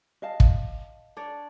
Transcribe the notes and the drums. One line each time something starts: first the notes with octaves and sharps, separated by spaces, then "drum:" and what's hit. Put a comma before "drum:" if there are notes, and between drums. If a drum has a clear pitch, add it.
D#5 F5 A5
drum: kick
D4 C#5 D5